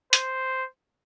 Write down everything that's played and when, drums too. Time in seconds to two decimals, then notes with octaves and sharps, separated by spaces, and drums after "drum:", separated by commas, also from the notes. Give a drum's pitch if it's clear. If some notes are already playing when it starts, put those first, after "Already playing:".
0.13 C5, drum: hi-hat